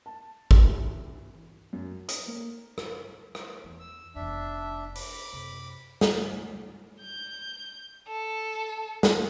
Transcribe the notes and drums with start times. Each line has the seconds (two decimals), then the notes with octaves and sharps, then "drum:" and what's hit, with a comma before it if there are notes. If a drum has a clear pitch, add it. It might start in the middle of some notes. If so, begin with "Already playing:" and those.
0.06 A5
0.51 G4, drum: kick G#1
0.63 E3
1.73 F#2
2.09 D#6, drum: hi-hat
2.27 A#3
2.78 drum: rim click
3.35 drum: rim click
3.64 E2
3.80 E6
4.16 F1 E2 D4 E5
4.95 B5 D6, drum: open hi-hat
5.33 F#2 C3
6.01 drum: snare
7.02 G6
8.08 A4
9.03 drum: snare